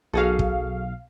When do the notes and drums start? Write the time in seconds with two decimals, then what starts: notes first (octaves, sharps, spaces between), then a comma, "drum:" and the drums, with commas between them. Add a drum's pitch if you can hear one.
0.13 B1 F#4 G#4 A4 F5
0.39 drum: kick